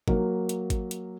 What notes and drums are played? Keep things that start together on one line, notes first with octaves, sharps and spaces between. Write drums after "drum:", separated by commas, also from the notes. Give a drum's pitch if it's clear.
F#3 A#3, drum: kick G#1
drum: hi-hat
drum: kick G#1, hi-hat
drum: hi-hat